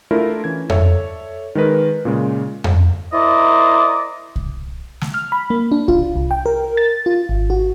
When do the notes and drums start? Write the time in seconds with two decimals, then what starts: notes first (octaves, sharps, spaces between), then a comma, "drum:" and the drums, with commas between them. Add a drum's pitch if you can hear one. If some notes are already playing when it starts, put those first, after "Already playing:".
0.11 A3 D4 E4 F4 A#4
0.44 E3 C#4 G#6
0.69 A4 C#5 D5 E5, drum: tom F2
1.55 D#3 G#3 A#4 B4
2.05 A#2 C#3 G#3
2.64 drum: tom F2
3.13 E4 A#4 C5 D5 D#5
4.36 drum: kick C2
5.01 drum: snare
5.14 F6
5.32 B5
5.50 A#3
5.72 D4
5.88 F4, drum: kick C2
6.16 C2
6.31 G5
6.46 A#4
6.77 A6
7.06 F4
7.29 G#1
7.50 F#4